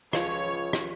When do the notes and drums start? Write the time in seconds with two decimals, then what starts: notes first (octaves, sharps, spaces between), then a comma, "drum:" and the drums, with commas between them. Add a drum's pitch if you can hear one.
0.13 C#2 F3 C#5 B5, drum: rim click
0.73 drum: rim click